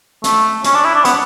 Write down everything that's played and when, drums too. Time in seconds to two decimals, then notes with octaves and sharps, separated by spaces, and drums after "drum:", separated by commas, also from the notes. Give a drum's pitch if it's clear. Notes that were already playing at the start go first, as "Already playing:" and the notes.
0.24 A3, drum: hi-hat
0.64 C#4, drum: hi-hat
0.74 D4
0.85 E4
0.95 D4
1.05 B3, drum: hi-hat